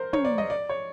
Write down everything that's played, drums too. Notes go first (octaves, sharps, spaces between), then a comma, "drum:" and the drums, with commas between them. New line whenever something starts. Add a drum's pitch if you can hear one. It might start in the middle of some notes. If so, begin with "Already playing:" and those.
Already playing: A#4 C5
C#5, drum: tom
D5
D#5
D5
C#5